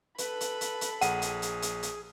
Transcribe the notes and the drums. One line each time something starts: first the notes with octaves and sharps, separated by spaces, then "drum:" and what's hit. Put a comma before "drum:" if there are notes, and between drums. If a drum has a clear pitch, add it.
A4 B4 B5, drum: hi-hat
drum: hi-hat
drum: hi-hat
drum: hi-hat
A#1 G#4 F#5 D#7, drum: hi-hat
drum: hi-hat
drum: hi-hat
drum: hi-hat
drum: hi-hat